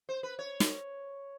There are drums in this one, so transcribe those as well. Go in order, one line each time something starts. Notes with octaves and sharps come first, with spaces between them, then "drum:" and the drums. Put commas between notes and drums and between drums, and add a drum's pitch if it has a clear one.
C5
B4
C#5
drum: snare